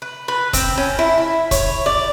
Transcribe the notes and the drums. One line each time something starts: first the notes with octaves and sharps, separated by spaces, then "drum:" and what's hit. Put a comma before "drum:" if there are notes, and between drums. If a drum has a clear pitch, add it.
B4
B4
C4, drum: kick, hi-hat
C#4
E4
E4
C#5, drum: kick, hi-hat
D5